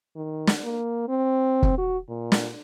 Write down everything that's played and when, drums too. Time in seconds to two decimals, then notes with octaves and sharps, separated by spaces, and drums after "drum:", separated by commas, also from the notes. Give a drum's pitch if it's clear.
0.16 D#3
0.47 drum: snare
0.63 A#3
1.08 C4
1.63 drum: kick
1.78 F#4
2.09 A#2
2.32 drum: snare